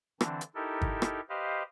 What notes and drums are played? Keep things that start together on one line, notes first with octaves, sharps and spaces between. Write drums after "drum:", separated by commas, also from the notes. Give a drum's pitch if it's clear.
D3 E3 C4 D4, drum: rim click
drum: hi-hat
D#4 E4 G4 A4 A#4
drum: kick G1
drum: rim click
G4 B4 C5 D#5 F5